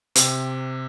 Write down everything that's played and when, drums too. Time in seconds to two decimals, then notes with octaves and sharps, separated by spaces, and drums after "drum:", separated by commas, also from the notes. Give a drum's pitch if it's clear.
0.16 C3, drum: hi-hat